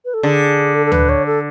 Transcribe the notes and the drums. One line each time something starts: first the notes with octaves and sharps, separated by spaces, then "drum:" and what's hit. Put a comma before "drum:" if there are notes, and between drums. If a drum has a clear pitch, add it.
B4
A4
D3 G#4
A4
A4
B4, drum: tom D2
C#5
A4